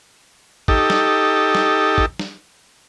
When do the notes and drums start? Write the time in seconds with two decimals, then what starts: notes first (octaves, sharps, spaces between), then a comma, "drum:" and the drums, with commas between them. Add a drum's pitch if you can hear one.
0.68 D#4 G4 A4, drum: kick
0.90 drum: snare
1.55 drum: snare
1.98 drum: kick
2.19 drum: snare